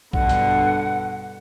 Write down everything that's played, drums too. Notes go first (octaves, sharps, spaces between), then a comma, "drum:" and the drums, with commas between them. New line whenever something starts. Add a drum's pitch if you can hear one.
G2 B2 D3 F#5, drum: kick A#1
drum: hi-hat